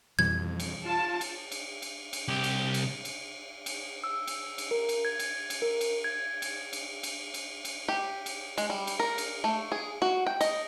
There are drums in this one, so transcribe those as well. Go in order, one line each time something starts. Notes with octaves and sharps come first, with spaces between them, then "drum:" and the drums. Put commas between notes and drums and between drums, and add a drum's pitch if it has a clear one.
F2 B2 E3 G3 G#6
drum: cymbal
F4 A5
drum: cymbal
drum: cymbal
drum: cymbal
drum: cymbal
C2 G4
drum: cymbal
drum: cymbal
drum: cymbal
drum: cymbal
E6
drum: cymbal
drum: cymbal
A#4
drum: cymbal
G#6
drum: cymbal
drum: cymbal
A#4
drum: cymbal
G#6
drum: cymbal
drum: cymbal
drum: cymbal
drum: cymbal
drum: cymbal
G4
drum: cymbal
G#3, drum: cymbal
G3
drum: cymbal
A#4
drum: cymbal
A3
G#4
F#4
G5
D#5, drum: cymbal